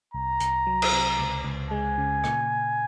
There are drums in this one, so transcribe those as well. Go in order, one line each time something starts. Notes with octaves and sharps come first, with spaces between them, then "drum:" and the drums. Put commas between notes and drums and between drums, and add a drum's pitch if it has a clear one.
C2 A#5
C2, drum: hi-hat
F#3
drum: cymbal
C3
C#2
C#2
G#3 G#5
C#3
A#2, drum: rim click